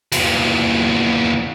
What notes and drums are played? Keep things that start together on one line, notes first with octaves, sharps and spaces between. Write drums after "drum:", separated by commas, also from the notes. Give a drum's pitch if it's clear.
E2 A#2, drum: cymbal